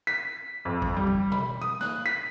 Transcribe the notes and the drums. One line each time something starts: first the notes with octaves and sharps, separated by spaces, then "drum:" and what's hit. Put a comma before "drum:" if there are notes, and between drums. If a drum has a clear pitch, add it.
B6
F2
drum: kick
G3
drum: kick
B5, drum: tom B2
D#6
F#6, drum: snare
B6